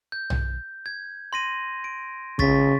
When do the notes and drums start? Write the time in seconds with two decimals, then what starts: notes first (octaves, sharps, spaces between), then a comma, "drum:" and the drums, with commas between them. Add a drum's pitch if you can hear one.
0.12 G6
0.30 drum: tom
0.86 G#6
1.33 C6 A#6 D#7
1.84 D7
2.39 C#3 C#6 A6 B6, drum: kick